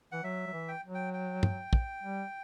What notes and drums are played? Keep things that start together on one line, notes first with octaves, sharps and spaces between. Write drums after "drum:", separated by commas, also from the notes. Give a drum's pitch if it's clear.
E3 F#5
F#3 E5
F#3
E3
G5
F#3
G5
G5
drum: tom
drum: kick
G3